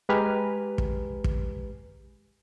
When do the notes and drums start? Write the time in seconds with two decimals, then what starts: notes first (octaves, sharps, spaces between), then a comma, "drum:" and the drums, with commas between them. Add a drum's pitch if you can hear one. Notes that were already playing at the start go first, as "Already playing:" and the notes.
0.09 G#3 G4 B4 G#5 A#5 F6
0.78 drum: kick
1.24 drum: kick